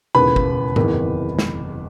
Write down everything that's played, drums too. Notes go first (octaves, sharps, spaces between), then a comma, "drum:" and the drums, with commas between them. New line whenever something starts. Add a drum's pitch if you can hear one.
E1 D#2 C#3 B4 B5
drum: kick
F#1 E2 C3 D#3, drum: tom G#2
drum: snare